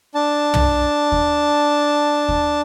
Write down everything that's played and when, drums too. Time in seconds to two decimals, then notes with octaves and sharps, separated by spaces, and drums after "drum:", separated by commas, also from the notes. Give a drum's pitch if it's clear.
0.15 D4 A5
0.54 drum: tom
1.12 drum: kick D#2
2.28 drum: kick D#2